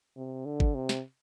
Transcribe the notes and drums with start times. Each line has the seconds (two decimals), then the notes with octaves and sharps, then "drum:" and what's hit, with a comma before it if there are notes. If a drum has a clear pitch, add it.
0.17 C3
0.46 D3
0.60 drum: kick G1
0.75 C3
0.89 drum: snare